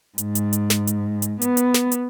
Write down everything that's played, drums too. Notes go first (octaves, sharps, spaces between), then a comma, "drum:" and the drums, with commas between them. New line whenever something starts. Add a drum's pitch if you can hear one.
G#2, drum: hi-hat
drum: hi-hat
drum: hi-hat
drum: snare
drum: hi-hat
drum: hi-hat
B3, drum: hi-hat
drum: hi-hat
drum: snare
drum: hi-hat